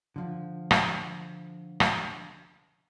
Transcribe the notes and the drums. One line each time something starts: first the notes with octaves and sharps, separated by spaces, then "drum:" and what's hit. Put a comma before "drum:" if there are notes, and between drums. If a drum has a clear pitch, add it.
D3 F3
drum: rim click
drum: rim click